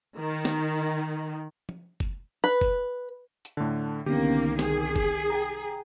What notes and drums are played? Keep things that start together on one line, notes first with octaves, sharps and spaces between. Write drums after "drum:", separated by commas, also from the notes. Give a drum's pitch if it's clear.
D#3
drum: snare
drum: tom
drum: kick
B4
drum: kick
drum: hi-hat
A2 D3 A5
C2 D3 D#3 A#3 B3 C#4 G4
G#4, drum: snare
drum: kick
G5 G#5 A#5